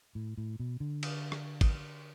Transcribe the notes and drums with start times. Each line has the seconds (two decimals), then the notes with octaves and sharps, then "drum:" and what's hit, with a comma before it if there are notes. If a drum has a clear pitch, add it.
0.15 A2
0.38 A2
0.60 B2
0.80 D3
1.03 drum: cymbal
1.32 drum: rim click
1.61 drum: kick G#1, cymbal